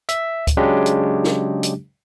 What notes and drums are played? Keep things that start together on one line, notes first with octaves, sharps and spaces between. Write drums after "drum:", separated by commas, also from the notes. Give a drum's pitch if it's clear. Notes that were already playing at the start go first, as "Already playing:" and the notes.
E5, drum: hi-hat
drum: kick D2, hi-hat
C#3 F#3 G#3 D4 G4
drum: hi-hat
drum: snare
drum: hi-hat